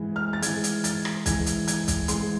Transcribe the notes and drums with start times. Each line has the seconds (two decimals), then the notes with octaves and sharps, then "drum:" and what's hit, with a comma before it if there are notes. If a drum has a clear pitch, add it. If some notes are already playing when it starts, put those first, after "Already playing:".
Already playing: G#2 E3
0.16 F6
0.33 A6
0.42 G#2 E3 G#6, drum: hi-hat
0.64 drum: hi-hat
0.84 A6, drum: hi-hat
1.05 drum: rim click
1.26 G#2 E3 G#6, drum: kick, hi-hat
1.46 drum: hi-hat
1.68 G#6, drum: hi-hat
1.88 drum: kick, hi-hat
2.08 G#2 E3 C6, drum: hi-hat